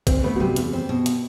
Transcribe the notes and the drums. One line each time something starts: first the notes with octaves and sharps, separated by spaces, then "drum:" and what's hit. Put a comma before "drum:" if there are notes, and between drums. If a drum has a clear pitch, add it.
D2 C4, drum: kick A1, hi-hat
A3 B3
F#3
C3 G3
E2, drum: hi-hat
C4
B2
drum: hi-hat